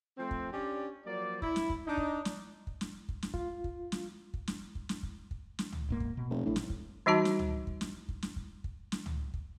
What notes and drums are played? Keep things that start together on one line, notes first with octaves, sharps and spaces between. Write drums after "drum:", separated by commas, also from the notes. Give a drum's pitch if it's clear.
F3 A3 C4
drum: kick
C#4 D4 G4 D5
F3 F#3 A#3 D5
E4, drum: kick
drum: snare
drum: kick
D4 D#4
drum: kick
drum: snare
drum: kick
drum: snare
drum: kick
drum: snare
F4, drum: kick
drum: kick
drum: snare
drum: kick
drum: snare
drum: kick
drum: snare
drum: kick
drum: kick
drum: snare
drum: tom C#2
D1 G#2 A#3
drum: kick
B2
F1
A1 A2 A3 D4
drum: snare
drum: kick
E3 G3 D#4 F#4 A5
drum: snare
drum: tom C#2
drum: kick
drum: snare
drum: kick
drum: snare
drum: kick
drum: kick
drum: snare
drum: tom C#2
drum: kick